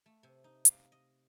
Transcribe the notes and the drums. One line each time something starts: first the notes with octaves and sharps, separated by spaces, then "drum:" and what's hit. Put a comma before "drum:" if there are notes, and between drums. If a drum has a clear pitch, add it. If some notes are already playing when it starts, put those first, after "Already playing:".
A3
C3
D#4
F5, drum: hi-hat
D#5